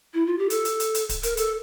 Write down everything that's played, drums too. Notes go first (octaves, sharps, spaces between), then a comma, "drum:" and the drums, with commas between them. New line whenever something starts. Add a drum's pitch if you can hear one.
E4
F4
G4
A4, drum: hi-hat
drum: hi-hat
drum: hi-hat
drum: hi-hat
drum: kick D1, hi-hat
A#4, drum: hi-hat
A4, drum: hi-hat